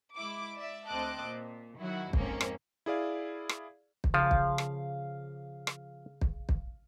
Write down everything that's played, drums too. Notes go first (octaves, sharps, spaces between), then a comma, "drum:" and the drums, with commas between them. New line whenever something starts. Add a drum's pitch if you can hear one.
G#3 E4 D6
D5 E5
D2 C4 D#5 A5 D6 F#6
A#2
D#3 F#3 E4 F#4
F2 G#2 A#3 C4 C#4, drum: kick
drum: rim click
E4 G#4 D5 F5
drum: rim click
drum: kick
C#3 F3 F5
drum: kick
drum: rim click
drum: rim click
drum: kick
drum: kick